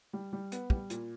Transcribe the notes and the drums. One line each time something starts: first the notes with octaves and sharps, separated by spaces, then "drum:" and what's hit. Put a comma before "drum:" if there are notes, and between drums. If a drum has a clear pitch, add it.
G3
G3
B3, drum: hi-hat
G3, drum: kick
A#2, drum: hi-hat